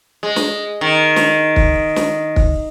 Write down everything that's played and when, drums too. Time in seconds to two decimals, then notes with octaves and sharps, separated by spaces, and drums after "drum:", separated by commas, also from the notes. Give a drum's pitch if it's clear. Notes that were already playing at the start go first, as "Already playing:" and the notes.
0.23 G#3
0.36 drum: snare
0.81 D#3
1.16 drum: snare
1.56 drum: kick
1.96 drum: snare
2.36 drum: kick